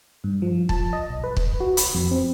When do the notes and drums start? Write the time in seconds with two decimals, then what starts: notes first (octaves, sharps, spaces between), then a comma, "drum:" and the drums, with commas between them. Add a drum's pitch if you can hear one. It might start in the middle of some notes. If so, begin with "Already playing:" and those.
0.24 G2
0.42 F3
0.69 A5, drum: kick
0.93 D#5
1.10 B1
1.24 B4
1.37 drum: kick
1.60 F#4
1.77 B5, drum: hi-hat
1.94 F2
2.11 C4